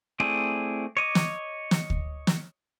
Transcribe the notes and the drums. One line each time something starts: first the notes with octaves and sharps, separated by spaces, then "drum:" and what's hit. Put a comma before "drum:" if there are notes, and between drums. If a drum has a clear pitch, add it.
A3 C4 E4 G#4 D5
C#5 D#5 D6
drum: snare
drum: snare
drum: kick D2
drum: snare